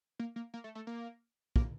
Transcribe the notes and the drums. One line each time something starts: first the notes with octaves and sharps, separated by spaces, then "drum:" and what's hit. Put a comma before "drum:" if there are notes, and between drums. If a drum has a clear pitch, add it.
A#3
A#3
A#3
A3
A3
A#3
A#3, drum: kick